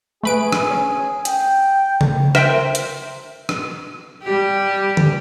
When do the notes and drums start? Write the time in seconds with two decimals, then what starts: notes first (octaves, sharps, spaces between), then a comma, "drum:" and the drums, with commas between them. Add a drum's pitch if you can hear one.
0.23 A3 G#4 B4 D7
0.52 drum: rim click
0.71 C#4
1.25 G5, drum: hi-hat
2.01 drum: tom C#3
2.35 A#4 C5 E5 G5, drum: rim click
2.75 drum: hi-hat
3.49 drum: rim click
4.23 G3 G4
4.97 drum: tom D3